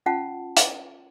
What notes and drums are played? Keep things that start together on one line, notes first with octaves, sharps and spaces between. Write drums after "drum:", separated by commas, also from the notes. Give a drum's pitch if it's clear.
C#4 F4 F#5 A5
drum: hi-hat